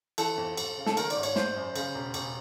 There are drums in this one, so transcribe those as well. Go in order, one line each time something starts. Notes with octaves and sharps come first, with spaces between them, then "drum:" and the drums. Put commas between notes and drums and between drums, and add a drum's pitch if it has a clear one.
E3 A4, drum: cymbal
F2
F2, drum: cymbal
C#3
A4, drum: snare
D#3 A#4, drum: cymbal
D5, drum: cymbal
G#1
C#5, drum: cymbal
G#1 C5, drum: snare
F#2
C#3, drum: cymbal
E1
E1, drum: cymbal